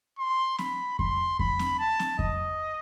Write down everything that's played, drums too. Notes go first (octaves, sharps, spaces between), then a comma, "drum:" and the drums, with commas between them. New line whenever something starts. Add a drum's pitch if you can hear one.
C6
B5, drum: snare C4
C6, drum: kick F2
B5, drum: kick F2
drum: snare C4
A5
drum: snare C4
D#5, drum: kick F2